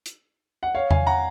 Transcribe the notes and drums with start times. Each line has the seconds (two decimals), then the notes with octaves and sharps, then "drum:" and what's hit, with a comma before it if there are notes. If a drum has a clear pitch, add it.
0.06 drum: hi-hat
0.63 F#5
0.75 C#5 F5
0.91 F5 G#5, drum: tom E2
1.06 F#5 A#5